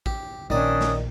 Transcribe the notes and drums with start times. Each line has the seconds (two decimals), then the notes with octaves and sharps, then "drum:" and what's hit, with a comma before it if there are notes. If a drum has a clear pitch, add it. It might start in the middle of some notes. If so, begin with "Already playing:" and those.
0.06 G4, drum: kick A1
0.50 A#1 D#3 C#4 D4 D5 D#6
0.81 drum: snare